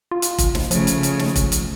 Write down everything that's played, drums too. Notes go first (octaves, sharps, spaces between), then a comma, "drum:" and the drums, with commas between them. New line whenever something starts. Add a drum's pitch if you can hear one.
F4
drum: hi-hat
drum: kick F1, hi-hat
drum: snare
C#3 F3 A3, drum: hi-hat
drum: hi-hat
drum: hi-hat
drum: snare
drum: kick F1, hi-hat
drum: hi-hat